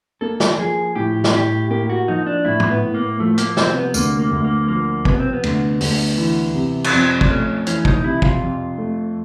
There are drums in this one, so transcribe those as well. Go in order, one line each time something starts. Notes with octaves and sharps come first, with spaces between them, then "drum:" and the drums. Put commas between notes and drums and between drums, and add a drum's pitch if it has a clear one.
A#3 A4
drum: snare
F3 G#4
A2 G4
drum: snare
A2 G4
A#3 G4
F#4
F3 D#4
D4
A2 E4
drum: tom
B3
A2
A#3
F3 A3
A#3, drum: hi-hat
C3 C4, drum: snare
B3
D2 A#3, drum: tambourine
A#3
D2
A#3
F3 A#3
C3 B3, drum: kick
C4
B3
D2, drum: cymbal
D2, drum: open hi-hat
E3
C3
C#4, drum: cymbal
F2 C4
D4, drum: kick
A3 C#4
E3 C#4, drum: hi-hat
D#4, drum: kick
C3 E4
F4, drum: kick
F2
A3